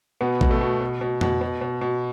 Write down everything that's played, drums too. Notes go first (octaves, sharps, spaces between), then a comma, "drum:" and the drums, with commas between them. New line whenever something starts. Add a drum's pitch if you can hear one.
B2 B3
B2, drum: kick A1
A3
B2
B2
B2
B2, drum: tom F2
B2
B2
B2